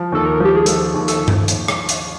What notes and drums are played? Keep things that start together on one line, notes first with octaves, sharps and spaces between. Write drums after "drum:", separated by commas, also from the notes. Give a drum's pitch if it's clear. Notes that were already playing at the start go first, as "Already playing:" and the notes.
Already playing: F3
D#2 A4
A#4
F3 G4
G#4
F3 A4, drum: hi-hat
D#2
A4, drum: hi-hat
drum: tom G2
drum: hi-hat
drum: rim click
drum: hi-hat